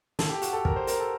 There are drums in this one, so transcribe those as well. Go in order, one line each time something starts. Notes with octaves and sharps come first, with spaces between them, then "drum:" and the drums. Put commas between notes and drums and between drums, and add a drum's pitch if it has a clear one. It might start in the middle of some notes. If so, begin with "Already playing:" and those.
A4, drum: snare
G4
F#4, drum: hi-hat
A4
A#4, drum: kick
C5
A#4, drum: hi-hat
A4